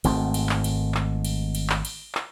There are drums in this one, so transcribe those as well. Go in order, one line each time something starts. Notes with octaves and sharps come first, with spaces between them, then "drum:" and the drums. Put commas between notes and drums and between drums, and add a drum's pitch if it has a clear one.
G#1 G#2 A3 C4, drum: cymbal
drum: cymbal
drum: clap
drum: cymbal
drum: clap
drum: cymbal
drum: cymbal
drum: clap
drum: cymbal
drum: clap